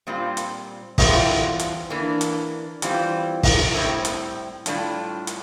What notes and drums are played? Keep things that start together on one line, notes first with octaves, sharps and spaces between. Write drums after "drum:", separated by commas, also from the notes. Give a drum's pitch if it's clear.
A#2 G3 C4 F4
drum: hi-hat
E2 E3 G3 C4 F4, drum: kick, open hi-hat
drum: hi-hat
E3 A#3 D4
drum: hi-hat
E3 G3 C4 F4, drum: hi-hat
drum: kick, open hi-hat
A2 G3 C4 E4
drum: hi-hat
A2 G3 D4 F4, drum: hi-hat
drum: hi-hat